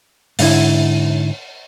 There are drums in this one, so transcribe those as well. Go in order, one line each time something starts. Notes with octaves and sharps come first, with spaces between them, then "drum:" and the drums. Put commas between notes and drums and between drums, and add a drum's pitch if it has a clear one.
G#2 D3 E4, drum: open hi-hat